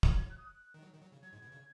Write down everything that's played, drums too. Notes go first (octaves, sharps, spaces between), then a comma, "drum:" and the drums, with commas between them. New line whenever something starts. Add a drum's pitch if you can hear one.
F#3 G#6, drum: kick
G#6
F#6
D#6
F#6
D#3
F#3
D#3
F#3
C#3
F#3 G#6
G#2
B2
C#3